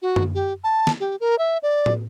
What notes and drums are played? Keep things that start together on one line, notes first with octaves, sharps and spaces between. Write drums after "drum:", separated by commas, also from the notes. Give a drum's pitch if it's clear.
F#4
drum: tom F#2
G4
A5
drum: snare
G4
A#4
E5
D5
drum: tom A2